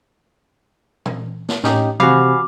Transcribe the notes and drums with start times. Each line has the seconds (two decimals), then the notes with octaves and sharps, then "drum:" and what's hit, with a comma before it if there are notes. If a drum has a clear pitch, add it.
1.06 drum: tom A#2
1.49 drum: snare
1.64 A2 C#4 D#4 G4, drum: snare
2.00 C3 F#4 F5 G#5 B5 D6, drum: tom D#3